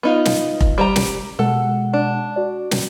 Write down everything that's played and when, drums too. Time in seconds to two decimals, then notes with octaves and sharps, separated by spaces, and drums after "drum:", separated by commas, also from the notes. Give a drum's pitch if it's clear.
0.03 B3 D#4 F4
0.25 drum: snare
0.61 drum: kick F1
0.78 G3 C5 A#5
0.96 drum: snare
1.39 B2 G#3 A4 F#5
1.93 D4
2.36 F#4 D5
2.71 drum: snare